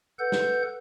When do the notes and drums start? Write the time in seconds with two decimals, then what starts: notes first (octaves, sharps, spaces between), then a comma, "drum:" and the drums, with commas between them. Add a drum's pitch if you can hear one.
0.19 A4 B4 F#5 G6
0.32 drum: snare